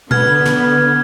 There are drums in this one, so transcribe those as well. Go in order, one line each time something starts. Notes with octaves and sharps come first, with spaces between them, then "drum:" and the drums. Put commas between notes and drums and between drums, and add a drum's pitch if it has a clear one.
D3 B3 F6 G#6, drum: tom B2
drum: snare